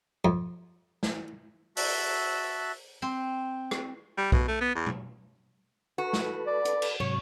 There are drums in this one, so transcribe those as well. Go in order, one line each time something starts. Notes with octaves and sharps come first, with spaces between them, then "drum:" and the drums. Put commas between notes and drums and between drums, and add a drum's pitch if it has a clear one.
F2
drum: snare
F#4 E5 A5 E6 F#6, drum: open hi-hat
C4
drum: rim click
G3
B2, drum: kick B1
A3
B3
E2
drum: tom
F#4 A4 B4
drum: snare
D5
drum: hi-hat
drum: cymbal
G#2 C3 F#3 C#5